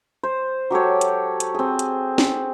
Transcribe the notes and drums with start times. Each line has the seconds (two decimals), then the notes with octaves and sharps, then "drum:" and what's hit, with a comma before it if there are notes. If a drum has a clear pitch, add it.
0.23 C5
0.70 F#3 G4 A4 C#5
1.01 drum: hi-hat
1.40 drum: hi-hat
1.55 C4 G#4
1.79 drum: hi-hat
2.18 drum: snare